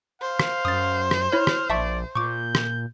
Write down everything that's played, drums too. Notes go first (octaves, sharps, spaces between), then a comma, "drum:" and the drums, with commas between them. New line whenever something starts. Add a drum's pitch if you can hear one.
C5 F5
drum: rim click
F#2 D#6 A6
drum: rim click
E4 C#5 F6
drum: rim click
A#1 D5 E5 A5 C#6
A#2 C#6 D6 G6
drum: rim click